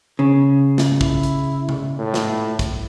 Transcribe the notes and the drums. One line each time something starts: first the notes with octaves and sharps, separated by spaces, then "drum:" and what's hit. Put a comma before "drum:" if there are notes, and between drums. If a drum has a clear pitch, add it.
C#3
drum: snare
E4, drum: kick
drum: hi-hat
drum: tom C3
A2
drum: snare
drum: kick, hi-hat